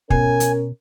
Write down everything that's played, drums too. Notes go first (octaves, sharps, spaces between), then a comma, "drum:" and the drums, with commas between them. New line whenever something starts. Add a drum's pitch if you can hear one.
B2 C#4 A#4 G#5, drum: kick
drum: hi-hat